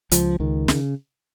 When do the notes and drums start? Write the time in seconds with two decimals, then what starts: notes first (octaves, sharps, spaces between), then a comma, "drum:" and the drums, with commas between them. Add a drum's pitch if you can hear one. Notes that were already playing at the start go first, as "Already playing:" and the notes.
0.11 C#2 F3, drum: hi-hat
0.40 C#2 D#3
0.68 C#3, drum: snare